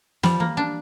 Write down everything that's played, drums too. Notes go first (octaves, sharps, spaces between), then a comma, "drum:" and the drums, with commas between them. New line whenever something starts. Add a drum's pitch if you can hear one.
F3 G3, drum: snare
A#3
D4